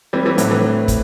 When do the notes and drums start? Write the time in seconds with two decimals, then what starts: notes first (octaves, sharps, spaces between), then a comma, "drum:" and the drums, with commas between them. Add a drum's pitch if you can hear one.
0.13 E3 G3 C4
0.25 E3 G3
0.38 A2 D3 F#3, drum: hi-hat
0.51 E3
0.88 drum: kick, hi-hat